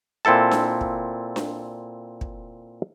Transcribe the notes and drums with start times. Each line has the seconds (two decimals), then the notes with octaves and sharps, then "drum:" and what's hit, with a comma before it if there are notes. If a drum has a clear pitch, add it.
0.25 A#2 C4 E4 A4 A5
0.51 drum: snare D4
0.81 drum: kick
1.36 drum: snare D4
2.21 drum: kick